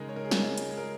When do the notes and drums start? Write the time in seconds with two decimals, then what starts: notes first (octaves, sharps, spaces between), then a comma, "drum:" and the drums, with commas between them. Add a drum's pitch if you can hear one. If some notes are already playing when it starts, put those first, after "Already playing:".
Already playing: C#3 G#3 D#4 A#4
0.09 C#5
0.16 A#4
0.25 G#4
0.31 C#3 F4, drum: snare
0.58 drum: hi-hat
0.70 G#3 G#4
0.78 A#4